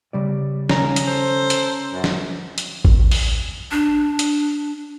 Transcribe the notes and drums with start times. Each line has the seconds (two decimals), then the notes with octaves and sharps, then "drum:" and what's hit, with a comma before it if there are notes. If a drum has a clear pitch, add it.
0.13 C#3 G3 D5
0.69 D#2 C#4 A#5, drum: snare
0.96 drum: hi-hat
1.06 A4 C5
1.50 drum: hi-hat
1.93 F#2
2.04 drum: snare
2.58 drum: hi-hat
2.85 drum: kick A1
3.11 drum: open hi-hat
3.71 D4
4.19 drum: hi-hat